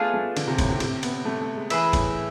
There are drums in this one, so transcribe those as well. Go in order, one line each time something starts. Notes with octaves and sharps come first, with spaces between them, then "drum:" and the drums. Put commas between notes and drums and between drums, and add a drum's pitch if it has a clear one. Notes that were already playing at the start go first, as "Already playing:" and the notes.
Already playing: A3 B3 D4 F4 G#4
A3
D3, drum: cymbal
C3
A2, drum: kick, cymbal
C3
C3, drum: cymbal
B3, drum: cymbal
A3
A3
G#3
E3 G#4 B4 E5, drum: cymbal
A2, drum: kick, cymbal